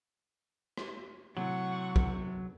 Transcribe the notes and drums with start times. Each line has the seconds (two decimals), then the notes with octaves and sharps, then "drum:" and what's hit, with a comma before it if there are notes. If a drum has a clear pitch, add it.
0.77 drum: rim click
1.37 A2 C3 F#3 F#5 C#6
1.96 drum: kick A#1